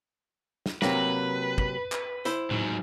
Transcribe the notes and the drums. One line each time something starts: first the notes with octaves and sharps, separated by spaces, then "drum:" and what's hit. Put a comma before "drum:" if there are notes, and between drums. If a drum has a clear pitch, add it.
drum: snare
C3 F#3 A#3 B4, drum: snare
drum: kick
drum: clap
E4 C5, drum: hi-hat
G#2 F#3, drum: tom A2